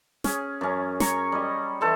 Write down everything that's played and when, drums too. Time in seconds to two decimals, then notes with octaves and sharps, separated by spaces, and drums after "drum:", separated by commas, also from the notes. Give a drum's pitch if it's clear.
0.24 C#4 G#4, drum: snare
0.61 F#2 C#4
1.00 C#5 A#5 C#6, drum: snare
1.32 G3 D#5
1.81 E3 A4 C5